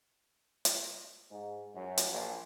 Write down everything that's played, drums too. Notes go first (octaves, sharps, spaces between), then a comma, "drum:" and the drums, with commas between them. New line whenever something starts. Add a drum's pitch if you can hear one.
drum: hi-hat
G#2
F#2
drum: hi-hat
A#1